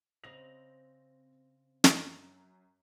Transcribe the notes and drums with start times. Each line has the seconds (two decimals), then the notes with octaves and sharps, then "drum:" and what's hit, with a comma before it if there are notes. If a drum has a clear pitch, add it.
0.24 C#3 C4 D#5 A#6 F7 F#7
1.84 F#2, drum: snare